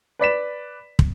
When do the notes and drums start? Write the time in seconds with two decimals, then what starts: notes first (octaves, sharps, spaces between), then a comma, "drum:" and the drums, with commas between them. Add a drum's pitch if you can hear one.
0.19 B4 D5 B6 E7
0.99 drum: kick